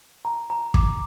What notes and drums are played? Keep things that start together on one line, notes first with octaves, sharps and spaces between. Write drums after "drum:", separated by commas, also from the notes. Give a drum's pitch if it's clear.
A#5
A#5
D6, drum: kick